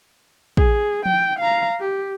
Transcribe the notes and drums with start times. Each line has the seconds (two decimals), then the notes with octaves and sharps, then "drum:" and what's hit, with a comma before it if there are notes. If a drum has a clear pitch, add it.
0.57 G#4, drum: kick
1.06 G5, drum: tom F3
1.39 F5 A#5
1.80 G4